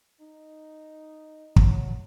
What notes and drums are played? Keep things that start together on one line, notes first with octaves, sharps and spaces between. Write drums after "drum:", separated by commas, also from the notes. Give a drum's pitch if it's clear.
D#4
F#3, drum: kick